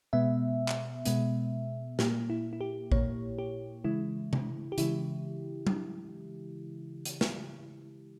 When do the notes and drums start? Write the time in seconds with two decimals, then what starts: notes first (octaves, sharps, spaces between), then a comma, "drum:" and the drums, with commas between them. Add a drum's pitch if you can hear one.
0.13 B2 G#3 B3 E5
0.68 drum: clap
1.06 B2 G#3 B3, drum: hi-hat
1.99 A#2 A#3 G4, drum: snare
2.30 E4
2.53 E4
2.61 G4
2.92 A#2 A#3 C#5, drum: kick A1
3.39 G4
3.84 C#3 E3 G#3 E4
4.33 drum: tom C3
4.72 G4
4.78 C#3 E3 G#3 E4, drum: hi-hat
5.67 drum: tom F#3
7.05 drum: hi-hat
7.21 drum: snare